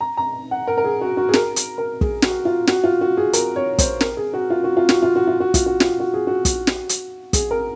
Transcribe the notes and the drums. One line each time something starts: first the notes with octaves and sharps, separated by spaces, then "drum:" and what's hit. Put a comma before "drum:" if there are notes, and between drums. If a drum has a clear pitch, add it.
A#5
A#5
F#5
A#4
A#4
G#4
F#4
F#4
G#4
A#4, drum: snare
drum: hi-hat
A#4
G#4, drum: kick
F#4, drum: snare
F4
F#4, drum: snare
F4
F#4
G#4
A#4, drum: hi-hat
C#5
C5, drum: kick, hi-hat
A#4, drum: snare
G#4
F#4
F4
F#4
F4
F#4, drum: snare
F4
F#4
F4
F#4
F4, drum: kick, hi-hat
F#4
F4, drum: snare
F#4
G#4
F#4
drum: kick, hi-hat
drum: snare
drum: hi-hat
G#4, drum: kick, hi-hat
A#4